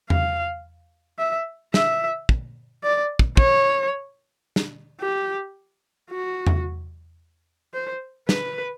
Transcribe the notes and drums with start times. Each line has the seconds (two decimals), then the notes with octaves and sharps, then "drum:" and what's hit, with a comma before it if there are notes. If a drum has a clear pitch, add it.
0.10 F5, drum: tom E2
1.19 E5
1.74 E5, drum: snare
2.29 drum: kick
2.83 D5
3.19 drum: kick
3.37 C#5, drum: kick
4.56 drum: snare
5.01 G4
6.10 F#4
6.47 drum: tom E2
7.74 C5
8.29 B4, drum: snare